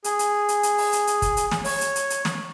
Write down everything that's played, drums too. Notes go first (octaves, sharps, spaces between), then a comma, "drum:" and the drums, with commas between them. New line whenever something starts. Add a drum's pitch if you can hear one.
G#4, drum: hi-hat
drum: hi-hat
drum: hi-hat
drum: hi-hat
drum: open hi-hat
drum: hi-hat
drum: hi-hat
drum: kick, hi-hat
drum: hi-hat
drum: snare
C#5, drum: open hi-hat
drum: hi-hat
drum: hi-hat
drum: hi-hat
drum: snare